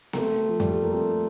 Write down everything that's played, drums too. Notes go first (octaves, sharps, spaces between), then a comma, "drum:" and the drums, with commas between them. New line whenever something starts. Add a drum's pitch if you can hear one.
A#3, drum: snare B3
A3 C4
F3
G3, drum: tom F2
A3
A#3
A3 C4